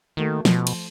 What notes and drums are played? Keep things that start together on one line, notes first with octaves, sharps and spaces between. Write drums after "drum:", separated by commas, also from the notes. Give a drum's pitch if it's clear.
D#3 A3 A#3 F#4
B2 F3, drum: snare
drum: cymbal